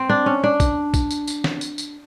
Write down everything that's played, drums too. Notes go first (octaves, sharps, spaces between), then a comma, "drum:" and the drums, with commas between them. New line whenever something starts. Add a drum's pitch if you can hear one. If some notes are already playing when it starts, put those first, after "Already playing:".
Already playing: C4
D4
C#4
D4
drum: kick A#1, tambourine
drum: kick A#1, tambourine
drum: tambourine
drum: tambourine
drum: snare
drum: tambourine
drum: tambourine